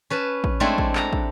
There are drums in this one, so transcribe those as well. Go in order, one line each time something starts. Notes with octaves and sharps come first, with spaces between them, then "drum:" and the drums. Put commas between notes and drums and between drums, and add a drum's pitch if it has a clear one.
C#4 B4 A5
drum: kick
G#3 A3 C4 D4 E4 A4
drum: kick
A4 A#5, drum: clap
drum: kick